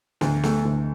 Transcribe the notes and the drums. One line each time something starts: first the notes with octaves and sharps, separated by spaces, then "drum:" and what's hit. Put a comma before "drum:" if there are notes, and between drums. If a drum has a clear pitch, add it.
D2, drum: snare
A3, drum: snare
D2